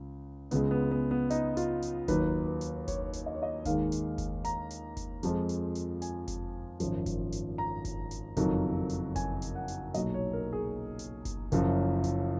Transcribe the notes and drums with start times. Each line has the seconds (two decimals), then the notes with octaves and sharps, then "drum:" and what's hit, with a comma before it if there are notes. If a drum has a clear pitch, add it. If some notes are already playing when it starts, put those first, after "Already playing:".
Already playing: C#2
0.51 C#2 C#3 G#3 B3, drum: hi-hat
0.71 B3
0.91 B3
1.11 B3
1.30 D#4, drum: hi-hat
1.57 F4, drum: hi-hat
1.82 drum: hi-hat
2.08 D#2 D#3 F#3 B4, drum: kick F#1, hi-hat
2.48 B4
2.61 drum: hi-hat
2.88 C#5, drum: kick F#1, hi-hat
3.13 drum: hi-hat
3.26 D#5
3.35 C#5
3.43 D#5
3.65 D#2 D#3 G#3 F5, drum: kick F#1, hi-hat
3.92 drum: hi-hat
4.18 drum: kick F#1, hi-hat
4.45 A#5, drum: hi-hat
4.70 drum: hi-hat
4.97 drum: kick F#1, hi-hat
5.23 F2 F3 G#3, drum: hi-hat
5.49 drum: hi-hat
5.75 drum: hi-hat
6.02 G#5, drum: hi-hat
6.28 drum: kick F#1, hi-hat
6.80 G#1 F#2 F3, drum: hi-hat
7.06 drum: kick F#1, hi-hat
7.32 drum: hi-hat
7.58 A#5
7.85 drum: kick F#1, hi-hat
8.11 drum: hi-hat
8.37 F#1 F2 D#3 F#3, drum: kick F#1, hi-hat
8.89 drum: hi-hat
9.16 G#5, drum: kick F#1, hi-hat
9.42 drum: hi-hat
9.55 F#5
9.68 drum: hi-hat
9.94 B1 A#2 F#3 D#5, drum: hi-hat
10.14 C#5
10.33 A#4
10.53 G#4
10.99 drum: hi-hat
11.25 drum: kick F#1, hi-hat
11.52 F#1 F#2 F3, drum: hi-hat
12.04 drum: kick F#1, hi-hat